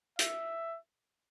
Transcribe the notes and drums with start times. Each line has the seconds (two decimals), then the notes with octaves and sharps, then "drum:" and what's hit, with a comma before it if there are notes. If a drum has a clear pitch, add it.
0.19 E5, drum: hi-hat